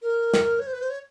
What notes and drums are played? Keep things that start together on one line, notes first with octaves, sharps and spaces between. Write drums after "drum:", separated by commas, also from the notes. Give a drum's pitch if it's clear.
A#4
drum: snare
C#5
C5
B4
C5
C#5